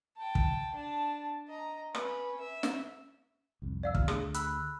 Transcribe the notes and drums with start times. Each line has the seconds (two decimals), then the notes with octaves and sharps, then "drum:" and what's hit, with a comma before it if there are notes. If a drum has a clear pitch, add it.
0.17 G5 A5
0.35 drum: kick
0.74 D4 A5
1.48 D#5 A#5
1.95 C#4 B4, drum: rim click
2.40 E5
2.63 drum: snare
3.62 C2 F2
3.83 D5 F5 E6
3.95 E2 B2 F6, drum: kick
4.08 D2 D3 G#4, drum: rim click
4.34 B5 E6 F#6, drum: hi-hat